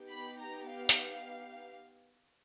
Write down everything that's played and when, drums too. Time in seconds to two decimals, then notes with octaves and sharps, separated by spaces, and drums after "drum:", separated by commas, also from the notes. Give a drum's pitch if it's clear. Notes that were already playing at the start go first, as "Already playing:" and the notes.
Already playing: B3 D#4 G4
0.10 B5
0.40 A#5
0.68 F5
0.89 drum: hi-hat